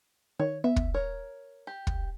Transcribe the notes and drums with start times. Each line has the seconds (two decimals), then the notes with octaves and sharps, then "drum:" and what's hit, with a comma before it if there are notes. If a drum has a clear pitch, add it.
0.40 D#3 C#5
0.64 B3 E5
0.76 drum: kick
0.94 A#4 C#5
1.67 G4
1.87 drum: kick